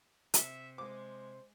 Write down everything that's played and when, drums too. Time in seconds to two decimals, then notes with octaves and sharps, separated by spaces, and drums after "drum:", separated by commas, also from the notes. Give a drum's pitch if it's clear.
0.34 C3 E5, drum: hi-hat
0.78 G#3 C5 D6